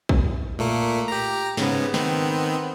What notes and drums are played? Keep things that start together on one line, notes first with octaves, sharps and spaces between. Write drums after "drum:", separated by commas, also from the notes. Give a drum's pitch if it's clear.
drum: kick
A#2 A3 A#3
G4 A#5
G#2 C#3 B3, drum: snare
D#3 B3 C4, drum: snare